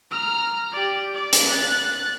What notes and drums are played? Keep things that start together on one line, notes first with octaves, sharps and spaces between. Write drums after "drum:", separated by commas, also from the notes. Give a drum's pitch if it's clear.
A#5 F6
G4 D5
D5
drum: hi-hat
F#6 A6